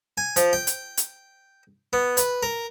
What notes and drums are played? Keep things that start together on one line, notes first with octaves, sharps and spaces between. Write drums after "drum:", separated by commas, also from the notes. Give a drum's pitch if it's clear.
G#5
F3, drum: hi-hat
G5
drum: hi-hat
drum: hi-hat
B3
B4, drum: hi-hat
A#4